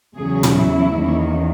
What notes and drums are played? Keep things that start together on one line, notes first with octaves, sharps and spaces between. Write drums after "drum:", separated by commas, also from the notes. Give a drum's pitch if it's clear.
E2 C#3 F#3 C#4 G#4
drum: tom
E4
E2 D#3 A#3 C#4